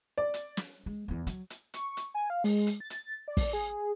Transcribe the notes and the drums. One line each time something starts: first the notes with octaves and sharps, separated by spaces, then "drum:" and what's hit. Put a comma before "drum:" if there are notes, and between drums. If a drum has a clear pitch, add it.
D5
drum: hi-hat
drum: snare
G#3
E2 E3
F#3, drum: hi-hat
drum: hi-hat
C#6, drum: hi-hat
drum: hi-hat
G#5
F5
G#3, drum: open hi-hat
drum: hi-hat
A6
drum: hi-hat
D5
drum: kick, open hi-hat
G#4